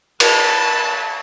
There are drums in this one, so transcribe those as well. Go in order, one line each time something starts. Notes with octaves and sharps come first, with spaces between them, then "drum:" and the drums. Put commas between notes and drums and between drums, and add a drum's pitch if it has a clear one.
B4 A5 B5, drum: cymbal